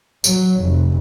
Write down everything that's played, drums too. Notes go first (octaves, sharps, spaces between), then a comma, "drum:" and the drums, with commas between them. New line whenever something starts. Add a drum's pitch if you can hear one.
F#3, drum: tambourine
F1